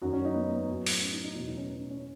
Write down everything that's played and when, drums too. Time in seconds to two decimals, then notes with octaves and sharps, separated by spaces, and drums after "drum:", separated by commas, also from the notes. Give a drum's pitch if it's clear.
0.02 F#2 D#3 F#3 F#4
0.13 C#4
0.25 D#4
0.35 B3
0.51 B3
0.68 A2 F#3 B3
0.86 drum: open hi-hat
1.02 C#4
1.13 D#4
1.24 D#4
1.35 E2 B2 F#3 D#4
1.46 B3
1.57 C#4
1.68 C#4
1.90 C#4